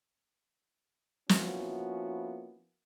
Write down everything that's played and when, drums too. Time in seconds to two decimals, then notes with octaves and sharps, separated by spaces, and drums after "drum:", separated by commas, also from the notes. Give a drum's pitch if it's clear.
1.29 F3 A#3 B3 C#4 E4 F#4, drum: snare